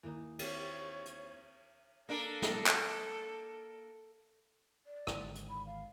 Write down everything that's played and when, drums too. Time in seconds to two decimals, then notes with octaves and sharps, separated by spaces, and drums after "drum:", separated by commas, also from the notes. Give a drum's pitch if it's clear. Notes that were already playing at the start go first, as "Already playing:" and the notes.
0.03 D#2 E3 A#3 D#4
0.39 C4 F#4 G4 C#5, drum: cymbal
1.06 drum: hi-hat
2.09 A#3 D4 A4 A#4
2.42 drum: snare
2.67 drum: clap
4.87 D5
5.07 G#1 D3 D#3, drum: rim click
5.35 drum: hi-hat
5.50 B5
5.66 F5